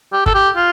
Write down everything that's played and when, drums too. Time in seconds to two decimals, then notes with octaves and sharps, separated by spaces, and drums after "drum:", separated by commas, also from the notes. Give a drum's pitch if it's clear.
0.13 G4
0.26 A4, drum: kick
0.34 G4
0.56 F4